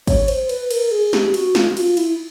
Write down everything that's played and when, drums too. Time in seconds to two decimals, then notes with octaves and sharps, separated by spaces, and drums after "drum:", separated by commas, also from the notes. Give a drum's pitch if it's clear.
0.07 C#5, drum: kick, cymbal
0.28 C5, drum: cymbal
0.49 B4, drum: cymbal
0.71 A#4, drum: cymbal
0.92 G#4
1.13 G4, drum: snare
1.34 F#4, drum: cymbal
1.55 F4, drum: snare
1.70 F#4
1.77 F4, drum: cymbal
1.97 E4, drum: cymbal